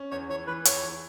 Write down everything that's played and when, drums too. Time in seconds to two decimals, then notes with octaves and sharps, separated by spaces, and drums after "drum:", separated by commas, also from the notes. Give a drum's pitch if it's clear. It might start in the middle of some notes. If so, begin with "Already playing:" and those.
Already playing: C#4
0.11 E2 C#5
0.29 E3 C#5
0.47 E3 B4
0.65 E2 C#5, drum: hi-hat
0.83 E3